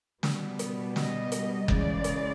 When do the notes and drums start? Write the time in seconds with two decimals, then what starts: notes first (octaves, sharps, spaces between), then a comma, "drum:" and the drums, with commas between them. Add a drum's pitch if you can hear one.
0.23 B2 G3 B3, drum: snare
0.59 drum: hi-hat
0.96 D#5, drum: snare
1.32 drum: hi-hat
1.68 C#3 E3 G#3 D5, drum: kick F#1
2.04 drum: hi-hat